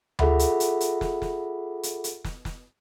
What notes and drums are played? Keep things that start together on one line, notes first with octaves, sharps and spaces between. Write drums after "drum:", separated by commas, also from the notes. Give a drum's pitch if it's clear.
F4 G#4 A4 E5 F#5 B5, drum: tom D2
drum: hi-hat
drum: hi-hat
drum: hi-hat
drum: snare
drum: snare
drum: hi-hat
drum: hi-hat
drum: snare
drum: snare